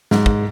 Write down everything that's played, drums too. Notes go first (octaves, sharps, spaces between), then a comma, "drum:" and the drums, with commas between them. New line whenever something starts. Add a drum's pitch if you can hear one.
G#2, drum: snare
drum: kick